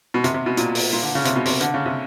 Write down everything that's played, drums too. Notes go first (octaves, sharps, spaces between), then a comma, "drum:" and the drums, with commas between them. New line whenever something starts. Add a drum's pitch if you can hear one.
B2
C3, drum: hi-hat
C3
B2
A#2, drum: hi-hat
drum: open hi-hat
A#2
D3
C#3
C3, drum: hi-hat
B2
C3, drum: open hi-hat
D3, drum: hi-hat
C#3
C3